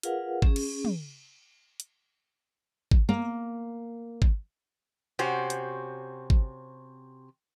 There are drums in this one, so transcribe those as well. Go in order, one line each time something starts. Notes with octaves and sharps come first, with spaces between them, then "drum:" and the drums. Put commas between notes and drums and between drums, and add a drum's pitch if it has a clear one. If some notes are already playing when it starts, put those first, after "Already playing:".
F4 G#4 A#4 B4 F5 F#5, drum: hi-hat
C#4 G#4, drum: kick
drum: cymbal
drum: tom
drum: hi-hat
drum: kick
A#3
drum: kick
C3 C4 C#4 F#4
drum: hi-hat
drum: kick